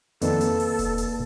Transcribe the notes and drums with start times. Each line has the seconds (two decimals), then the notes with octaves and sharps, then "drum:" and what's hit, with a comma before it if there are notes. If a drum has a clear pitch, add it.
0.22 F2 D#3 A#3 A4 B4 D5, drum: hi-hat
0.41 drum: hi-hat
0.60 drum: open hi-hat
0.79 drum: kick E1, hi-hat
0.98 drum: hi-hat